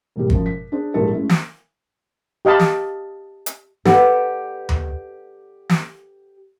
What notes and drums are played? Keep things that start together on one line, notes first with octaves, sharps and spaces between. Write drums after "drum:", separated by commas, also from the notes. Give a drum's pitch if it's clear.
E1 A2 G3
F#2 F3, drum: kick
B6
D4 G#4 C5
A#1 G2 G#3 E4 A4 A#4
G#3 A3 C#4 E4
drum: snare
G4 D#5 F5 A5 B5
drum: snare
drum: hi-hat
G4 A4 B4 D5 F#5, drum: snare
drum: tom D#2
drum: snare